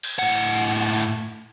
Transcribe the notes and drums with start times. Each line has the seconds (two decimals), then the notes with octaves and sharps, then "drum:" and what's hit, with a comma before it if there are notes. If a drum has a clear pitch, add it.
0.03 drum: cymbal
0.19 A2 F#5